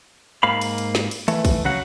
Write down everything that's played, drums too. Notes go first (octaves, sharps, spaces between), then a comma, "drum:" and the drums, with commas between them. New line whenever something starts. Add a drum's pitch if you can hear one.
G#2 A#3 F5 B5
drum: cymbal
drum: cymbal
drum: snare
drum: cymbal
E3 A3, drum: cymbal
drum: kick, cymbal
C#3 F#3 F#4 F#5